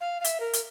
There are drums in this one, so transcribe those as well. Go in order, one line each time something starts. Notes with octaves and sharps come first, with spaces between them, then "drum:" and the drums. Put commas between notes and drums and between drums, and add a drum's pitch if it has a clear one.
F5
F5
E5, drum: hi-hat
A#4
drum: hi-hat